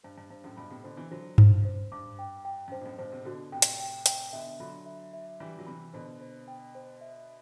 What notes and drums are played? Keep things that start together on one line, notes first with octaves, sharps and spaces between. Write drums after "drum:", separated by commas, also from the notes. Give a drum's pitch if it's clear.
G2 C5
G2
G2 C5
F#2 A2
G2 B2 B5
A2 C3
B2 D3 C5
C3 E3
D3 F#3 C5
G2 C5, drum: tom G2
F#2 C5
G2 D6
G5
G5
F#2
G2 C5
B2
F#2 A2
G2 B2 C5
A2 C3
B2 D3 F#4
A2 C3 G5
drum: hi-hat
G5
G5, drum: hi-hat
B2 D3 E5
D3 F#3 B5
E5
E5
E3 G3 B5
F#3
C3 E3 B5
B2 D3 C5
C5
G5
C5
E5